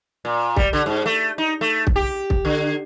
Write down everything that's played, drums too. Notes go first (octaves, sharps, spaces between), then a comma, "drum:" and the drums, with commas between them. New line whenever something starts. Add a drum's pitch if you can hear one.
A#2
G3, drum: kick
D3
G#2
A3
D#4
A3
drum: kick
G4
drum: kick
D3